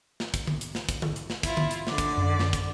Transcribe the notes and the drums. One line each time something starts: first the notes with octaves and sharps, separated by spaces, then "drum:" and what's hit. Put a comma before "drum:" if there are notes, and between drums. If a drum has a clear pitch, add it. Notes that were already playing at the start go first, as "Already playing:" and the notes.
drum: snare
drum: kick, hi-hat
drum: tom D3
drum: hi-hat
drum: snare
drum: kick, hi-hat
drum: tom D3
drum: hi-hat
drum: snare
E4 F4, drum: kick, hi-hat
drum: tom D3
drum: hi-hat
D3 D5, drum: snare
drum: kick, hi-hat
F#2
drum: snare
drum: kick, hi-hat